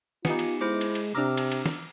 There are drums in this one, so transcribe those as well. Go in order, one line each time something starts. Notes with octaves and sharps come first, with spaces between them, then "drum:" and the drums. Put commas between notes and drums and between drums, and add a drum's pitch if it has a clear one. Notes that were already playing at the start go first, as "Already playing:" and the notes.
B3 D#4 F4 G4 G#5 C#7, drum: snare
drum: cymbal
G#3 E4 C5 D6
drum: cymbal
drum: cymbal
C3 D4 A#5 D6 E6 F6
drum: cymbal
drum: cymbal
drum: snare